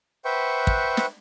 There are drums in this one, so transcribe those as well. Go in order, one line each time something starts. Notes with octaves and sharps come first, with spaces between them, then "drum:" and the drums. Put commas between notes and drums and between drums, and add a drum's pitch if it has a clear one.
B4 C5 E5 F#5 G5 C#6
drum: kick
drum: snare